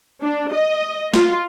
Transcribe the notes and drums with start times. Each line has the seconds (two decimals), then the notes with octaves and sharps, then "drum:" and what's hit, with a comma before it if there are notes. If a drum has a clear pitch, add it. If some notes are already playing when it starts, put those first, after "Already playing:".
0.21 D4
0.52 D#5
1.14 F4, drum: snare